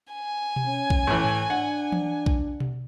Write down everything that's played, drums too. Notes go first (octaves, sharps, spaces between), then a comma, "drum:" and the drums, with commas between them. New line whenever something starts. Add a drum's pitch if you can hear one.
G#5
drum: tom B2
C#4
drum: kick A#1
A2 E3
drum: tom G#2
D4 F#5
drum: tom E3
drum: kick A#1
drum: tom B2